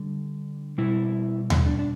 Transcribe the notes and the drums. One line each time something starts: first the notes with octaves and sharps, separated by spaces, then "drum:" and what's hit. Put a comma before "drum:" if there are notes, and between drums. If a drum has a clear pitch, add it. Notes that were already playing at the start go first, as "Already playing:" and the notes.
Already playing: D3 G3
B2 G3 E4
drum: tom D#2
D4
D4